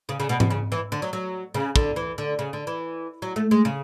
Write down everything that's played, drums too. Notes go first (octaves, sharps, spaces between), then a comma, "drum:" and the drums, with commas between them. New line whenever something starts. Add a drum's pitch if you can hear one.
C#3
C#3
B2
B2, drum: tom G#2
C#3
E3
D3
F#3
F#3
C#3
D3, drum: kick
E3
D3
C#3
D3
E3
F#3
A3
G#3
C#3